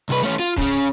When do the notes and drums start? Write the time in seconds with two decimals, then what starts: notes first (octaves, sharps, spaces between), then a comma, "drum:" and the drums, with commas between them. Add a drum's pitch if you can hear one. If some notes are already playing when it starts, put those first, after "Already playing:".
0.10 C2 B4
0.23 A3 C#4
0.40 F4
0.58 C#3 C#4, drum: kick